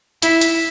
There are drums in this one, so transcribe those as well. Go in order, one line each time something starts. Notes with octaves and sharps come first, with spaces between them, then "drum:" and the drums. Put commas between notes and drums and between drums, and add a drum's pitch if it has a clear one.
E4, drum: hi-hat
drum: hi-hat